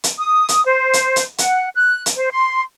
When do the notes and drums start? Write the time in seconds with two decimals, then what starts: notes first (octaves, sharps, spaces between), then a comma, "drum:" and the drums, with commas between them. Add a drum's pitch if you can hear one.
0.04 drum: hi-hat
0.18 D#6
0.49 drum: hi-hat
0.65 C5
0.93 drum: hi-hat
1.16 drum: hi-hat
1.38 F#5, drum: hi-hat
1.75 F#6
2.06 drum: hi-hat
2.16 C5
2.32 C6